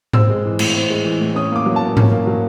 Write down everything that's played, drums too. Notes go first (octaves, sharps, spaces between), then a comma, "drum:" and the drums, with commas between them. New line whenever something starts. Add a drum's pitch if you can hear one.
C4 E6, drum: tom G#2
G#3
E3
A2, drum: cymbal
C4
G#3
E3
A2
C#4 D#6
A#3 D6
F#3
A#2 A5
C#4, drum: tom G#2
A#3
F#3